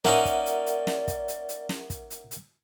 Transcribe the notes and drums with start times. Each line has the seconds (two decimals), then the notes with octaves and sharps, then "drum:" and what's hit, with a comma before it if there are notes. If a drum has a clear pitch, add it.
0.05 A#3 C#4 D#4 A#4 D5 E5 F#5, drum: snare
0.25 drum: kick, hi-hat
0.46 drum: hi-hat
0.66 drum: hi-hat
0.87 drum: snare
1.08 drum: kick, hi-hat
1.28 drum: hi-hat
1.49 drum: hi-hat
1.69 drum: snare
1.90 drum: kick, hi-hat
2.10 drum: hi-hat
2.31 drum: hi-hat